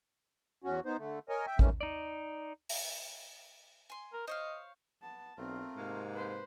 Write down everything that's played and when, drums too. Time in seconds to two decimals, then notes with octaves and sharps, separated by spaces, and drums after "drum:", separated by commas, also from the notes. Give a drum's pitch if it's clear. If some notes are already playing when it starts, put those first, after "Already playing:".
0.64 E2 C#4 F#4
0.85 B3 D#4 C5
0.98 D3 A3
1.29 A#4 C#5 D#5 G#5
1.47 E5 G5
1.59 G#2 D#3 E3 G3 A3 C#4, drum: kick A1
1.81 D#4 D5
2.69 drum: open hi-hat
3.90 G#5 C6
4.13 A#4
4.27 C5 C#5 D#5 F5
5.02 B3 A5
5.37 B1 A3 C4 F4 A#4
5.77 G#2 C3 G#3 A#3
6.14 B4 C5